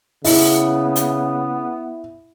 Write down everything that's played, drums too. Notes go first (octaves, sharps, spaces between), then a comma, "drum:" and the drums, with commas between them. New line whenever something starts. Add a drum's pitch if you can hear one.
C#3 B3 E4, drum: open hi-hat
drum: hi-hat